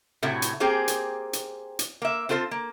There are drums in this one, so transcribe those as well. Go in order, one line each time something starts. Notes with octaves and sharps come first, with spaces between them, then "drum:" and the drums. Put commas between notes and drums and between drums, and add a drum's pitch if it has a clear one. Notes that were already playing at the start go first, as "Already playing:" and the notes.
A2 C3 E4 F#4
drum: hi-hat
A#3 C4 G4 G#4
drum: hi-hat
drum: hi-hat
drum: hi-hat
A#3 E5
C4 F4 A4 B4 C5
A#3